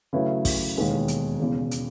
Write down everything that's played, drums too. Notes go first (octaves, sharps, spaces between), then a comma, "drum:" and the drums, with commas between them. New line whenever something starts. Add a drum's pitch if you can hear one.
C#3 F#3 A3 E4 B4
drum: kick, open hi-hat
E1 D#2 D#3 G#3 B3
drum: hi-hat
E1 E2 C#3
drum: hi-hat